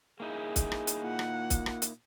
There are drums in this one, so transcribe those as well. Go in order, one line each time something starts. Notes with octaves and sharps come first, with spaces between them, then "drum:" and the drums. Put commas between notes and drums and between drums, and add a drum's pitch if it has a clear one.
A#3 D#4 E4 G#4
drum: kick, hi-hat
drum: rim click
drum: hi-hat
A#2 F#5
drum: rim click
drum: kick, hi-hat
drum: rim click
drum: hi-hat